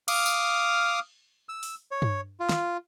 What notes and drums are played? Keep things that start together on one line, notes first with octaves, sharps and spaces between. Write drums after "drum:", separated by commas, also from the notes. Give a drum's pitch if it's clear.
F5 D6 D#6 F6, drum: cymbal
drum: tambourine
E6
drum: open hi-hat
C#5
drum: tom G2
F4
drum: snare